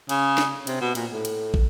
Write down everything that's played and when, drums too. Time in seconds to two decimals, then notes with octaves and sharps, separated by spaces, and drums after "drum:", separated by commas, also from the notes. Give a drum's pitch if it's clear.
0.09 C#3, drum: cymbal
0.38 drum: snare
0.67 C3, drum: cymbal
0.81 B2
0.95 A#2, drum: cymbal
1.10 A2
1.25 drum: cymbal
1.54 drum: kick